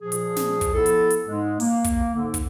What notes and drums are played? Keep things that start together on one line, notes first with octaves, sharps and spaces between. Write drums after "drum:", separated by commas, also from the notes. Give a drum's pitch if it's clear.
A#2 F3 G#4
drum: hi-hat
drum: snare
drum: kick, hi-hat
F3 B3 E4 A4
drum: hi-hat
drum: hi-hat
G#2 G#3
A#3, drum: open hi-hat
drum: kick, hi-hat
G#2 D3
drum: kick, hi-hat